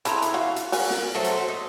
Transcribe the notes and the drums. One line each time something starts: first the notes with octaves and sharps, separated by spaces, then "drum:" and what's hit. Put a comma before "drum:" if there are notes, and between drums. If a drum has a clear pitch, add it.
C4 E4 G#4 A4 A#5, drum: hi-hat
drum: hi-hat
E3 F#4 F5
drum: hi-hat
F#4 A#4 G#5, drum: open hi-hat
drum: snare
F#3 A3 A4 C5
drum: hi-hat
D#4